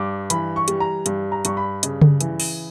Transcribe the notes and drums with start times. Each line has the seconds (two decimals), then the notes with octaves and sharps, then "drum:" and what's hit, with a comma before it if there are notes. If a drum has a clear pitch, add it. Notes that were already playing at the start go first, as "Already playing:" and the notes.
Already playing: G2 D6
0.30 E3 B5, drum: hi-hat
0.56 C#6
0.68 G3, drum: hi-hat
0.80 A#5
1.06 G2, drum: hi-hat
1.32 A#5
1.45 G2 C#6, drum: hi-hat
1.57 B5
1.83 C#3, drum: hi-hat
2.01 drum: tom C#3
2.21 E3, drum: hi-hat
2.40 drum: open hi-hat